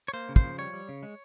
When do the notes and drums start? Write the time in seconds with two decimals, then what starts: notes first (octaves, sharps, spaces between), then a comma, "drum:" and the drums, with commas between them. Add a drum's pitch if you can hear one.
0.08 C#5
0.14 A#3 C5
0.29 C#3
0.36 C5, drum: kick
0.44 F3
0.58 G3 C#5
0.73 G3
0.89 C#3
1.03 G#3